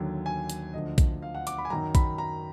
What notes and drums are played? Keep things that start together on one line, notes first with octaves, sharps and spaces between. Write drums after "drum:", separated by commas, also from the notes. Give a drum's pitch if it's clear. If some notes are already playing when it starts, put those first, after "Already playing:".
Already playing: D#2 D3 F#3
G#5
drum: hi-hat
D2 D3 F3 D#5
drum: kick A#1, hi-hat
F5
F#5
D6, drum: hi-hat
B5
G#5
F#2 D#3 F#3 A#5
B5, drum: kick A#1, hi-hat
A#5